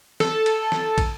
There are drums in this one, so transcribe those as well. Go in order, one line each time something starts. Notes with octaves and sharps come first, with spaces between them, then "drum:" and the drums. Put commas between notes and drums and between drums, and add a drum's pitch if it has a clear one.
A4, drum: snare
drum: cymbal
drum: snare
drum: kick, cymbal